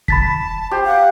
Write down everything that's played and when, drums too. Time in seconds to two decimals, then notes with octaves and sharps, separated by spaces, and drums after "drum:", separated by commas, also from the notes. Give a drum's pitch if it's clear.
0.08 A5 B5 A6 B6, drum: kick
0.71 G4 C5
0.86 F5 F#5